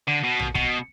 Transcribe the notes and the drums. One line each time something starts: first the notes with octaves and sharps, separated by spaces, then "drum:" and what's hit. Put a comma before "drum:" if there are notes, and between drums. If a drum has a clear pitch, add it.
D3
B2
drum: tom A#1
B2, drum: kick